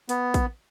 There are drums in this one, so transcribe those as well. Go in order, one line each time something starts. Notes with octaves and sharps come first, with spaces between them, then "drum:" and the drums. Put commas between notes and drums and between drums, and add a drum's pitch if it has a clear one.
B3, drum: hi-hat
drum: kick, hi-hat